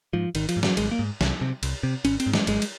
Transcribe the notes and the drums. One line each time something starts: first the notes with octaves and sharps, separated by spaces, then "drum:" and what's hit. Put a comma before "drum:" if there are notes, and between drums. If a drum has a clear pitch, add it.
G#2 F3
G#1 D#3, drum: cymbal
F3, drum: cymbal
G#2
F#3, drum: snare
G#1 G#3, drum: cymbal
A#3
G#2
C2, drum: snare
C3
C2, drum: cymbal
C3
G#1 C#4, drum: cymbal
C4, drum: cymbal
G#2
G#3, drum: snare
G#1 G#3, drum: cymbal
drum: cymbal